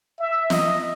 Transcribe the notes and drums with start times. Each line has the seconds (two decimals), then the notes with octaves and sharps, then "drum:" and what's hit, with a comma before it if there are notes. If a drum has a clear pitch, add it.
0.19 E5
0.50 D#5, drum: snare